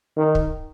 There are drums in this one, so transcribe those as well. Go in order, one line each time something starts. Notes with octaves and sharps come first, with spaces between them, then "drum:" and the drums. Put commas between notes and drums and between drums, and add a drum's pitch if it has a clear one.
D#3
drum: kick